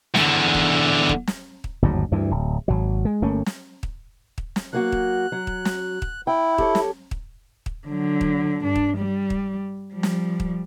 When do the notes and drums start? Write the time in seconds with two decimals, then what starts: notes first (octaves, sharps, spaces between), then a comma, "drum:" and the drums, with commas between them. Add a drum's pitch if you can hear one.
0.15 E2 D3, drum: snare
0.54 drum: kick
1.09 drum: kick
1.27 drum: snare
1.64 drum: kick
1.82 G1 D#2 G#2 F#3
2.12 D2 G2 E3
2.31 D1
2.68 G#1 C#2 F#3
3.05 G#3
3.22 G1 A3 A#3 C#4
3.46 drum: snare
3.83 drum: kick
4.38 drum: kick
4.56 drum: snare
4.73 F#3 A#3 F#4 F#6
4.92 drum: kick
5.32 F#3
5.47 drum: kick
5.65 drum: snare
6.02 drum: kick
6.27 E4 G5
6.58 G4 A4 C#5, drum: kick
6.75 drum: snare
7.11 drum: kick
7.66 drum: kick
7.88 D3 F#3
8.21 drum: kick
8.64 G2 D4
8.75 drum: kick
8.97 G3
9.30 drum: kick
9.94 F3 G3
10.03 drum: snare
10.40 drum: kick